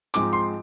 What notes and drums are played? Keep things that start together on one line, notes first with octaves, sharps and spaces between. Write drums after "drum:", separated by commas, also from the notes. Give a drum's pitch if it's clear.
G#2 F3 G#3 C4 D#4 D6, drum: hi-hat
C6